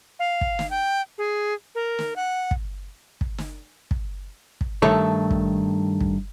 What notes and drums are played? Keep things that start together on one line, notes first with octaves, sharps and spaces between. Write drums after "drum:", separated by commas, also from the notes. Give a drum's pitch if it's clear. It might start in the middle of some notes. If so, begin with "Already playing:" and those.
F5
drum: kick
drum: snare
G5
G#4
A#4
drum: snare
F#5
drum: kick
drum: kick
drum: snare
drum: kick
drum: kick
G2 D#3 A3 A4 C#5
drum: kick
drum: kick